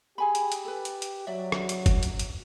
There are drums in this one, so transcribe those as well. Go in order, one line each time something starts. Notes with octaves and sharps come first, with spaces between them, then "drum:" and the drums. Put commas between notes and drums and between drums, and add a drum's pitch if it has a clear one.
G4 G#4 G#5 B5
drum: hi-hat
drum: hi-hat
A4 B4
drum: hi-hat
drum: hi-hat
F#3 D5 E5
drum: rim click
drum: hi-hat
drum: kick, hi-hat
drum: hi-hat
drum: hi-hat